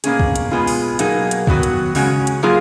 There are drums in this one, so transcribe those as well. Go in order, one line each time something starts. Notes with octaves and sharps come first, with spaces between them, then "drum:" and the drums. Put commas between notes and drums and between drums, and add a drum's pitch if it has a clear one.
B2 A#3 C#4 G#4, drum: hi-hat
drum: kick
drum: hi-hat
B2 G#3 B3 F4 G#4
drum: open hi-hat
B2 F#3 A#3 D#4 G#4, drum: hi-hat
drum: hi-hat
D#3 F#3 B3 F#4, drum: kick
drum: hi-hat
C#3 G#3 C#4 F#4, drum: open hi-hat
drum: hi-hat
F#3 A#3 F4 G#4